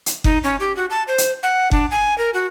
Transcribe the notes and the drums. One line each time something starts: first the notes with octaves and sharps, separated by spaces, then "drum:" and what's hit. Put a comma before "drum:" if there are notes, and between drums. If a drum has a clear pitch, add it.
drum: hi-hat
D#4, drum: kick F#1
C#4
G4
F#4
A5
C5
drum: hi-hat
F#5
D4, drum: kick F#1
G#5
A#4
F#4